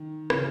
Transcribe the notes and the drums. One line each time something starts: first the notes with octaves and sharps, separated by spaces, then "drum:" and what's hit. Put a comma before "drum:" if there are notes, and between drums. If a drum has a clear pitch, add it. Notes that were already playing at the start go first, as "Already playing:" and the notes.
Already playing: D#3
C#3 E3, drum: rim click